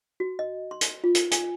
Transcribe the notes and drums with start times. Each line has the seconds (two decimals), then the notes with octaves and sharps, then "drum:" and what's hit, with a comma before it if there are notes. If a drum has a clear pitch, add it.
0.20 F#4
0.39 D#5
0.71 C6
0.81 drum: hi-hat
1.04 F4
1.15 drum: hi-hat
1.31 G#5, drum: hi-hat